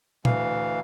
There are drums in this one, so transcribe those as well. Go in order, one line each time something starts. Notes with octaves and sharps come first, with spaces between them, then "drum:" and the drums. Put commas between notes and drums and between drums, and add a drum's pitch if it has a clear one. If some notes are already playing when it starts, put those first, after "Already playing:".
D2 E3 F5, drum: tom A#2